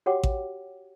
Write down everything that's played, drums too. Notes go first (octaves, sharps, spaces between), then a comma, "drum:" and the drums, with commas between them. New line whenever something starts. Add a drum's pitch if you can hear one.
F#4 G4 C#5 F#5 G5 D6
drum: kick A1